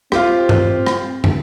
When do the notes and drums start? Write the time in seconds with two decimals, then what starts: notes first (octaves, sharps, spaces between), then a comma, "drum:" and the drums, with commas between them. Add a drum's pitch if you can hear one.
0.12 C4 F4 G4, drum: rim click
0.49 drum: tom G2
0.87 drum: rim click
1.24 drum: tom